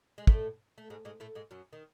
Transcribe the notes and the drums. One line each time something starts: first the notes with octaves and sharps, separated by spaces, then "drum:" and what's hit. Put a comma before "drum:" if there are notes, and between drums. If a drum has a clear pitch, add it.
G#3
A2 A3, drum: kick
A3
G#2 G#3
G#2 G#3
A2 A3
G#2 G#3
F#2 F#3
D#3